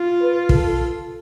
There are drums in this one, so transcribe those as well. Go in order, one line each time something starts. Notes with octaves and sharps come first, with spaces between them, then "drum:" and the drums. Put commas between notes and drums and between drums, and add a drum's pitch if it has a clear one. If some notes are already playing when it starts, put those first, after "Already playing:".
Already playing: F4
B4
A4, drum: kick